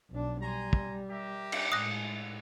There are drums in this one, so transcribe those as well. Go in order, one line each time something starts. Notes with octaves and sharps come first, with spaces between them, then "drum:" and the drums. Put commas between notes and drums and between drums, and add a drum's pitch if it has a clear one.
B1 D4
G3 G#5 A#5 C6
drum: kick
G4 A#4 E5
drum: cymbal
A2 G#3 D#6 F#6 A#6